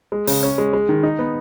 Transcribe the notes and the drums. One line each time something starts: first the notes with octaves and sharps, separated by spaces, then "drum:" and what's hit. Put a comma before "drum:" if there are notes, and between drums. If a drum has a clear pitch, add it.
G#3
C#3, drum: open hi-hat
C#4
G#3
G#3
D#3
D#4
B3